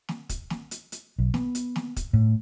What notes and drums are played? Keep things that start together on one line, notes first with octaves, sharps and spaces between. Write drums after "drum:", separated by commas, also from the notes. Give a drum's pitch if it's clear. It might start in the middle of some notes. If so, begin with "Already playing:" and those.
drum: snare
drum: kick, hi-hat
drum: snare
drum: hi-hat
drum: hi-hat
B1
B3, drum: snare
drum: hi-hat
drum: snare
drum: kick, hi-hat
A2